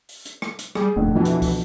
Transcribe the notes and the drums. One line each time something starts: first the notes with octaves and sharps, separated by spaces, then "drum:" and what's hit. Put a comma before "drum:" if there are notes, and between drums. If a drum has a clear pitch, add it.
drum: open hi-hat
drum: hi-hat
drum: rim click
drum: hi-hat
G3 G#4, drum: rim click
D#1 F2 A2 D3
B2 D3 E3 F3
drum: hi-hat
drum: kick, open hi-hat